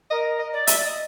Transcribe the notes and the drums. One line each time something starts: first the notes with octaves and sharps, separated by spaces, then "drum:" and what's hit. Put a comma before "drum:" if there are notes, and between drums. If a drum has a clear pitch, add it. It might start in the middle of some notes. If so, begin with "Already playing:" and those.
A#4 D#5
D#5
D5
E5, drum: hi-hat
D#5